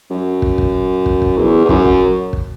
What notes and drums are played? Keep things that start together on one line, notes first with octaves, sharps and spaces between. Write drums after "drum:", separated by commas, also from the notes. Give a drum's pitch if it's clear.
F#2
drum: kick
drum: kick
drum: kick
drum: kick
E2
E2
F#2, drum: kick
drum: kick
drum: kick